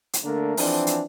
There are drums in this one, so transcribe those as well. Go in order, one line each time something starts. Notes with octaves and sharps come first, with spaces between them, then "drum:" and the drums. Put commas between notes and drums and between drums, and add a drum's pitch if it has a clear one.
drum: hi-hat
D3 A3 A#3 D4 A#4
E3 F3 C4 D4, drum: open hi-hat
drum: hi-hat